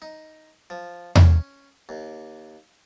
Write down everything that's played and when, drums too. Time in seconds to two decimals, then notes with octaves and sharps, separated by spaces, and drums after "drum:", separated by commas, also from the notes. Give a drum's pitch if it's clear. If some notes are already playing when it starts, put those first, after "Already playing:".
0.02 D#4
0.70 F3
1.15 C#4, drum: tom E2
1.89 D#2